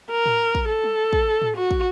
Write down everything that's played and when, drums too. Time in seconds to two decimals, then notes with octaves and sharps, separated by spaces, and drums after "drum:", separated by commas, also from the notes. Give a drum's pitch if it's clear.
0.11 A#4
0.26 drum: tom A2
0.55 drum: kick
0.69 A4
0.84 drum: tom G3
1.13 drum: kick
1.42 drum: tom A2
1.57 F#4
1.71 drum: kick